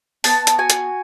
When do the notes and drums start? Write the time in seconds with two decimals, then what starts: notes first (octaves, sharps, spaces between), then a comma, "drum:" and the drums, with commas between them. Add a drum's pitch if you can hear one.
0.24 B3 A5, drum: open hi-hat
0.47 drum: hi-hat
0.58 F#4 G#5
0.70 drum: hi-hat